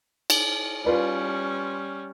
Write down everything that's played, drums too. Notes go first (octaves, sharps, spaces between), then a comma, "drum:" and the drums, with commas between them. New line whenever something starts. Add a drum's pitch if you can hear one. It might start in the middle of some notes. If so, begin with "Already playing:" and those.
drum: cymbal
G3 C#4 F4 B4 D5